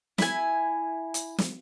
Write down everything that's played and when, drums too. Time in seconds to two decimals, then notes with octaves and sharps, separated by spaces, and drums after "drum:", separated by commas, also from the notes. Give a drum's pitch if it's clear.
0.18 E4 G#5, drum: snare
1.14 drum: hi-hat
1.38 drum: snare